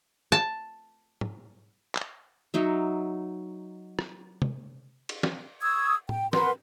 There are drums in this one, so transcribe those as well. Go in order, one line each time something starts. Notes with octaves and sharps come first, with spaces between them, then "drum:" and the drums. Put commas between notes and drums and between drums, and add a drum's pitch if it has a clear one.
A5
drum: tom
drum: clap
F#3 D#4 E5
drum: rim click
drum: tom
drum: cymbal
drum: snare
C#6 D#6 E6 G#6
G5, drum: tom A2
A#4 B4 F#5 C6, drum: snare